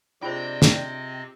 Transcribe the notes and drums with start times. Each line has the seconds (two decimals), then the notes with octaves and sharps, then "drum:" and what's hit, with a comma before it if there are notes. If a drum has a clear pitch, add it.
0.23 C3 C4 D4 F4 G#4 C5 D#5 G5
0.62 drum: snare